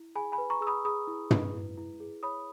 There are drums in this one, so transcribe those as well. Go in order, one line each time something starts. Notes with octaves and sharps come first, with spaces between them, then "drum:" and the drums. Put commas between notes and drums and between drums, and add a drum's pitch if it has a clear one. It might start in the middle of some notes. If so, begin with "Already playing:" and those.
Already playing: E4
G#4 G#5 B5
G#5 B5
B4
A#5 C#6
G#4 E6
B5 D#6
G#4 B5 D#6
E4
B4, drum: tom
E4
E4
G#4
C#5 B5 D#6